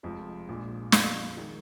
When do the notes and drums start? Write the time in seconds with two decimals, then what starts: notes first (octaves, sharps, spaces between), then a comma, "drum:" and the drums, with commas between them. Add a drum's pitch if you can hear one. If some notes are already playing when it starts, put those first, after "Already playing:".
0.03 F1 F2 F3 G#3
0.48 A#1 A#2 G#3
0.92 F2 F3 G#3 F5, drum: snare
1.37 D#3 G#3